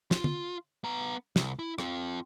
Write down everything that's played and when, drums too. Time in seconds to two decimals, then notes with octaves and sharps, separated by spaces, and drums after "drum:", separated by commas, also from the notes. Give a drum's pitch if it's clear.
0.11 F4, drum: snare
0.24 drum: tom
0.84 B3 A#5
1.36 C2, drum: snare
1.59 E4
1.78 C4 F4, drum: rim click